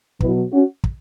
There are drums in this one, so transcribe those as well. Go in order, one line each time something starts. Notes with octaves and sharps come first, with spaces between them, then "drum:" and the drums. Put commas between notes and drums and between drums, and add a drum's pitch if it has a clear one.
B2 F#3 B3 E4, drum: kick
C#4 F#4
drum: kick